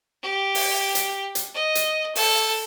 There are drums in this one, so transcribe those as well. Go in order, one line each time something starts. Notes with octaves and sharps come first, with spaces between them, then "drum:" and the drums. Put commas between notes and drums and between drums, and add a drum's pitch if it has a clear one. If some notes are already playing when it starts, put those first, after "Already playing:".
G4
drum: open hi-hat
drum: hi-hat
drum: hi-hat
D#5
drum: hi-hat
A4, drum: open hi-hat